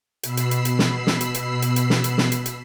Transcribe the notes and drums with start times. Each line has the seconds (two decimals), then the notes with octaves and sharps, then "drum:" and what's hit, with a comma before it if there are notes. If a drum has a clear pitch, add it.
0.23 B2 B5 E6 C7, drum: hi-hat
0.37 drum: hi-hat
0.51 drum: hi-hat
0.65 drum: hi-hat
0.79 drum: snare
1.07 drum: snare
1.21 drum: hi-hat
1.34 drum: hi-hat
1.62 drum: hi-hat
1.76 drum: hi-hat
1.90 drum: snare
2.04 drum: hi-hat
2.18 drum: snare
2.32 drum: hi-hat
2.46 drum: hi-hat